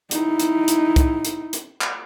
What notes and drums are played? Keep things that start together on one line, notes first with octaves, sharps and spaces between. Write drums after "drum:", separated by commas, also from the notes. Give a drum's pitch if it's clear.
D#4 E4, drum: hi-hat
drum: hi-hat
drum: hi-hat
drum: kick C2, hi-hat
drum: hi-hat
drum: hi-hat
drum: clap